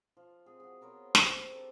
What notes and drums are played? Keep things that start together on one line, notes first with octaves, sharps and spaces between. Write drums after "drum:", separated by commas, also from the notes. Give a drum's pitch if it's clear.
F3
C4 G#4
F#4 G#4
B3 A#4 C5 C#5
C4 G4 C5 E5, drum: snare
D4 A4 A#4